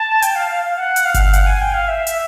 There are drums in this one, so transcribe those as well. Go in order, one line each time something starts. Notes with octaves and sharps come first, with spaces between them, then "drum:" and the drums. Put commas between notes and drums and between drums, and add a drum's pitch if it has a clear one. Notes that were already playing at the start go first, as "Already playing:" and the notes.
Already playing: A5
G5, drum: hi-hat
F5
F5
F5
F#5
drum: hi-hat
F5
drum: kick G1, hi-hat
F#5, drum: hi-hat
G#5
G5
F5
E5
drum: hi-hat